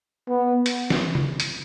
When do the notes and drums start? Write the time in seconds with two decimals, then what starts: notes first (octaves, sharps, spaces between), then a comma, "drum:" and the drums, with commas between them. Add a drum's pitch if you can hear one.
0.29 B3
0.66 drum: hi-hat
0.90 drum: snare
1.15 drum: tom C#3
1.40 drum: hi-hat